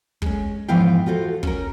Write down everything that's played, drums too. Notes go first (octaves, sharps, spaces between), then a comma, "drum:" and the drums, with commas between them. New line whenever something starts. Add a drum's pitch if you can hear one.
G#3 C#4, drum: kick
G#2 E3 F3 B3 F5 G5
F4 F#4 A4 C5
C#4 A#4, drum: kick